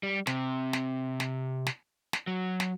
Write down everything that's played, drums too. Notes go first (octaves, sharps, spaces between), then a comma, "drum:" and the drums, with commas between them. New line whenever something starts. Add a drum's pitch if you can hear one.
G3
C3, drum: snare
drum: snare
drum: snare
drum: snare
drum: snare
F#3
drum: snare